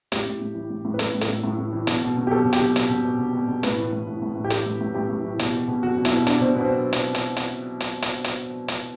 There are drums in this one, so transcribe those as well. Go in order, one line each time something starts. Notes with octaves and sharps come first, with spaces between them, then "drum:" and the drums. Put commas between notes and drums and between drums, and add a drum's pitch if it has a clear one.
A2 G4, drum: hi-hat
A2
A2
E3
A2
A2
B4
A2 A4, drum: hi-hat
A2
A4, drum: hi-hat
A2
A2
A2
E3
B2, drum: hi-hat
B2
B2
G4
B2 A4
B2
G4, drum: hi-hat
B2
B2, drum: hi-hat
B2
B2
B2
B2
B2
A2 B4, drum: hi-hat
E3
A2
A2
A2
A2
G4
E3 A4, drum: hi-hat
A2
A2
A2 G4
A2
E3
B2, drum: hi-hat
B2
B2
B2 F#4
B2
E4, drum: hi-hat
B2
B2 D4, drum: hi-hat
B2 C4
B2 B3
C4
drum: hi-hat
drum: hi-hat
drum: hi-hat
drum: hi-hat
drum: hi-hat
drum: hi-hat
drum: hi-hat